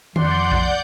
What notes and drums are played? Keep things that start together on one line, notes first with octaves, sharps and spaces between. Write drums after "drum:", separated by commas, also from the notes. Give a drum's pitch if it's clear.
F2 D5 F#5 C6 G6, drum: tom D#3
drum: kick A#1